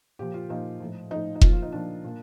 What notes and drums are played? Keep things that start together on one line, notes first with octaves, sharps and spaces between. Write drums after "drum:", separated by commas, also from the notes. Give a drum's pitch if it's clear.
A#2 F3 G4
F4
A#2 F3 D#4
A2 F3
A2 F3 D#4
D#4
A#2 F3 F4, drum: kick F1
F4
D#4
A#2 F3 D4
A#2